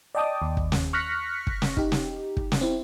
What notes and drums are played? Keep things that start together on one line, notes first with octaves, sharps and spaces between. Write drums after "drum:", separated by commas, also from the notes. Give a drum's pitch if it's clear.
D5 D#5 G5 A5 D6 D#6
D#2
drum: kick
drum: snare
C#6 F6 F#6 A#6 B6 C#7
drum: kick
drum: snare
D#4 G4, drum: kick
drum: snare
drum: kick
drum: snare
C4 E4